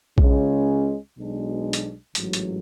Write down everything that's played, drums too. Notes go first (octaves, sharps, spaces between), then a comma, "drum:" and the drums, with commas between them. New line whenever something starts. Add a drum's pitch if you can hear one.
C#2 C#3 G#3 C#4, drum: kick A#1
B1 B2 G#3 D4
drum: hi-hat
A1 G#2 F#3, drum: hi-hat
drum: hi-hat